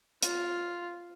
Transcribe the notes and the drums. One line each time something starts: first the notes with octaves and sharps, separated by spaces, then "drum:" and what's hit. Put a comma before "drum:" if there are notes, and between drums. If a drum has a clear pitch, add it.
F4, drum: hi-hat